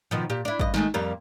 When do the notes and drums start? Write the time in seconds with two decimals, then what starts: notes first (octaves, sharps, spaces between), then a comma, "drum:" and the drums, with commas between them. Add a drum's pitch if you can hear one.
0.11 B2 D#3 F3
0.30 A#2 G4
0.45 D4 E4
0.59 G2 D#5, drum: kick G#1
0.74 D#3 G#3 A3, drum: snare
0.94 F2 G3 A#3